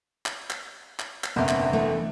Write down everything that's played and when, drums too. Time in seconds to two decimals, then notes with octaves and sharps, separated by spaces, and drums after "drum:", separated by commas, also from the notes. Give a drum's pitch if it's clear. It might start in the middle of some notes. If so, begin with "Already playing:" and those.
0.26 drum: clap
0.50 drum: clap
0.99 drum: clap
1.24 drum: clap
1.36 G1 F2 C3 A#3 B3 C#4 E5
1.49 drum: clap
1.73 E3 A3 A#3